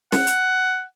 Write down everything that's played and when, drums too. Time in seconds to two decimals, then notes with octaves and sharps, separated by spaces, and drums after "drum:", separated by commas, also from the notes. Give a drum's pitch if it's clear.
0.12 F#5, drum: snare
0.27 drum: hi-hat